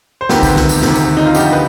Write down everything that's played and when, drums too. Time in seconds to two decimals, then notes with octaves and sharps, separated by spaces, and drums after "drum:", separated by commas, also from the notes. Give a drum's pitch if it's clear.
0.21 C5
0.29 D2 C3 D#3 G4 B4, drum: snare
0.43 drum: kick, tambourine
0.56 drum: snare
0.69 drum: tambourine
0.82 D2 C3 D#3, drum: snare
0.95 drum: tambourine
1.17 D#4
1.25 F4
1.35 D2 D3 F3 D#4 G4, drum: tambourine
1.52 B4